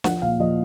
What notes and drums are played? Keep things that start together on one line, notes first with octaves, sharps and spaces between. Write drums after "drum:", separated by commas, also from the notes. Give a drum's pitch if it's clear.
F3 F#5, drum: snare
A#2 F5
F3 D#5